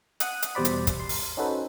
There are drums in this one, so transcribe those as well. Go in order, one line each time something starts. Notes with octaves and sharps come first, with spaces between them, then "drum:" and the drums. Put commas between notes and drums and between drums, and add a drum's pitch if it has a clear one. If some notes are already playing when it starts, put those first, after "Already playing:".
F#5 D#6 F#6, drum: hi-hat
drum: hi-hat
E2 B2 G3 C5 D5 B5
drum: hi-hat
drum: kick, hi-hat
C6
drum: open hi-hat
C#4 D#4 F#4 A4 B4 C5